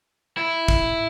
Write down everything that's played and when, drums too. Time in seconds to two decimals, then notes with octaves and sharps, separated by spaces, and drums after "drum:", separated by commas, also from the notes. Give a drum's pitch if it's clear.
0.37 E4
0.68 drum: kick